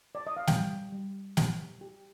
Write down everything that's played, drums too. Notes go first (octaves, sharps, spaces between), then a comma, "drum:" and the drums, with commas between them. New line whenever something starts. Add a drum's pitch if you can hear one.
D5
D#5
F5
G3 G5, drum: snare
G3
G4, drum: snare
G4